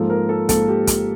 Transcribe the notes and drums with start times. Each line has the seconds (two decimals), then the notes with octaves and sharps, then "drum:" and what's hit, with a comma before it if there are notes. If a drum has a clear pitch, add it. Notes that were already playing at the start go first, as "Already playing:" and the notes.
Already playing: G#2 F3 A#3 A4
0.10 A#4
0.29 A4
0.49 G#2 F3 A#3 A4, drum: kick, hi-hat
0.68 G4
0.87 drum: kick, hi-hat